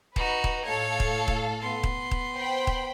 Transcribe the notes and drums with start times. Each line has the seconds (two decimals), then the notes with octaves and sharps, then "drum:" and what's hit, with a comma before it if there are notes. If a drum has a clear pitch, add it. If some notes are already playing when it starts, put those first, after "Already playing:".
0.16 D#4 F#4 B4, drum: kick D#1
0.44 drum: kick D#1
0.65 A2 A4 C#5 F5
1.00 drum: kick D#1
1.28 drum: kick D#1
1.62 B3 C6
1.83 drum: kick D#1
2.11 drum: kick D#1
2.39 C5 G5 B5
2.67 drum: kick D#1